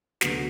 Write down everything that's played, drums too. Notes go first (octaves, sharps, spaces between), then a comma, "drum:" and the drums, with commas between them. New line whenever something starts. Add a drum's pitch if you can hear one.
D2 D3 F#3 B3 F#4, drum: snare